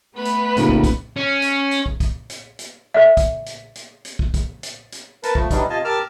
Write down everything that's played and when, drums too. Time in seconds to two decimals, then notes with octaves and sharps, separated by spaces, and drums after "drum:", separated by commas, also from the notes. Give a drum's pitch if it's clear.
0.14 A3 B3 B4
0.25 drum: hi-hat
0.57 F1 A2 C#3 A#3, drum: hi-hat
0.69 drum: kick
0.84 drum: kick, hi-hat
1.16 C#4
1.42 drum: hi-hat
1.71 drum: hi-hat
1.86 drum: kick
2.00 drum: kick, hi-hat
2.30 drum: hi-hat
2.59 drum: hi-hat
2.94 A4 D5 E5
3.17 drum: kick, hi-hat
3.46 drum: hi-hat
3.75 drum: hi-hat
4.05 drum: hi-hat
4.19 drum: kick
4.34 drum: kick, hi-hat
4.63 drum: hi-hat
4.92 drum: hi-hat
5.23 A#4 B4 A5, drum: hi-hat
5.35 F3 A3, drum: kick
5.51 E3 F#3 G3 D4 D#4, drum: kick, hi-hat
5.70 C3 F4 D#5 G#5 A5
5.85 G4 A#4 A5 D6 E6 F6